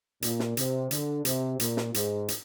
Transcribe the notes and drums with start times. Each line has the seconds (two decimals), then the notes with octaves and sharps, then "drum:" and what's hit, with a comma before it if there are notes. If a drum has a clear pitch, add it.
0.22 A#2, drum: hi-hat
0.40 drum: snare
0.57 C3, drum: hi-hat
0.91 D3, drum: hi-hat
1.25 C3, drum: hi-hat
1.60 A#2, drum: hi-hat
1.77 drum: snare
1.94 G#2, drum: hi-hat
2.28 drum: hi-hat